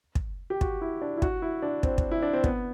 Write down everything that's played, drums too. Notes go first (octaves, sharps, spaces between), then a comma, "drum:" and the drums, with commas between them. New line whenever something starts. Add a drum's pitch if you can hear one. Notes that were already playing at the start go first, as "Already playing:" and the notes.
drum: kick
G4
F#4, drum: kick
E4
D4
E4
F#4, drum: kick
E4
D4
C4, drum: kick
drum: kick
E4
D4
C4
B3, drum: kick